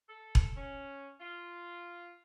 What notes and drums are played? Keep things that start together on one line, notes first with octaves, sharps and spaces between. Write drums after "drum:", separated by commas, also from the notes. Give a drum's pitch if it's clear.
A4
drum: kick E1
C#4
F4